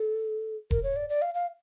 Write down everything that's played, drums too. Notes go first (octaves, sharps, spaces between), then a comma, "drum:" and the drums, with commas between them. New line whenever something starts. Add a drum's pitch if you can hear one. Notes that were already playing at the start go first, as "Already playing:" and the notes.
Already playing: A4
A#4, drum: kick E1
C#5
D5
D5
F5
F5